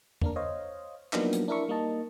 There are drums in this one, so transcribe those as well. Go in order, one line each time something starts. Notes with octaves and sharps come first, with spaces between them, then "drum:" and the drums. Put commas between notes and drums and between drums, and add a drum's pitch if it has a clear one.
A#3 D4 A#4, drum: tom E2
C5 C#5 D#5 F5
F3 F#3 A#3 B3 D4 D#4, drum: clap
drum: hi-hat
D4 E4 A#4 E5 C#6
G3 A#3 D#4 D#5 A5